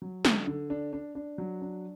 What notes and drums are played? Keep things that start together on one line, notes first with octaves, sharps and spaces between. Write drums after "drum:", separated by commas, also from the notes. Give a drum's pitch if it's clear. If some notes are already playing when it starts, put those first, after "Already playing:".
F#3
D3, drum: snare
D3
D4
D4
D4
F#3
D4